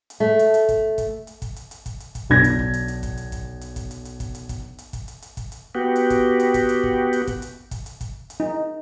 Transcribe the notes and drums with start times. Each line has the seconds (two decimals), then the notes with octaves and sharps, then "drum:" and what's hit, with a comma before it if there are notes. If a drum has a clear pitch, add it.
0.10 drum: hi-hat
0.20 A3
0.39 drum: hi-hat
0.54 drum: hi-hat
0.69 drum: kick, hi-hat
0.98 drum: kick, hi-hat
1.27 drum: hi-hat
1.42 drum: kick, hi-hat
1.56 drum: hi-hat
1.71 drum: hi-hat
1.86 drum: kick, hi-hat
2.00 drum: hi-hat
2.15 drum: kick, hi-hat
2.30 B1 D4 G#6 A#6
2.44 drum: hi-hat
2.59 drum: kick
2.74 drum: hi-hat
2.88 drum: hi-hat
3.03 drum: kick, hi-hat
3.17 drum: hi-hat
3.32 drum: kick, hi-hat
3.61 drum: hi-hat
3.76 drum: kick, hi-hat
3.91 drum: hi-hat
4.05 drum: hi-hat
4.20 drum: kick, hi-hat
4.35 drum: hi-hat
4.49 drum: kick, hi-hat
4.79 drum: hi-hat
4.93 drum: kick, hi-hat
5.08 drum: hi-hat
5.22 drum: hi-hat
5.37 drum: kick, hi-hat
5.52 drum: hi-hat
5.75 B3 F#4 G4
5.96 drum: hi-hat
6.10 drum: kick, hi-hat
6.40 drum: hi-hat
6.54 drum: kick, hi-hat
6.69 drum: hi-hat
6.83 drum: kick
7.13 drum: hi-hat
7.27 drum: kick, hi-hat
7.42 drum: hi-hat
7.71 drum: kick, hi-hat
7.86 drum: hi-hat
8.01 drum: kick, hi-hat
8.30 drum: hi-hat
8.40 D#4